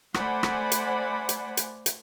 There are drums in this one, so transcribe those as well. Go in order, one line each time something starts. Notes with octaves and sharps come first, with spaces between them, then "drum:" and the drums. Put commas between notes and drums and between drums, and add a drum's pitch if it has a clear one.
A3 C5 D5 F#5 G#5 B5, drum: rim click
drum: rim click
drum: hi-hat
drum: hi-hat
drum: hi-hat
drum: hi-hat